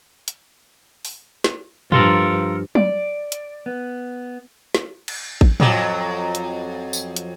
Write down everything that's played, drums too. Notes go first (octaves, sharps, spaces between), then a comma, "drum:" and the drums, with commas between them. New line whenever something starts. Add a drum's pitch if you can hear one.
drum: hi-hat
drum: open hi-hat
drum: snare
G2 F3 F4 A4 A#4, drum: tom A2
D5, drum: tom F#3
drum: hi-hat
B3
drum: snare
drum: cymbal
drum: kick A1
F2 F#3, drum: tom A2
drum: hi-hat
drum: tambourine
drum: hi-hat